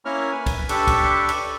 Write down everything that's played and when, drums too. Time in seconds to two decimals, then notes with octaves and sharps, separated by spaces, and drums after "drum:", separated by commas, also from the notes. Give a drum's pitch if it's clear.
0.05 A#3 C#4 E4 A#4 C#5 F6
0.32 B4 G#5
0.46 drum: kick, cymbal
0.69 D4 G4 A4 B4 A5 C#6, drum: cymbal
0.88 drum: kick, cymbal
1.29 drum: cymbal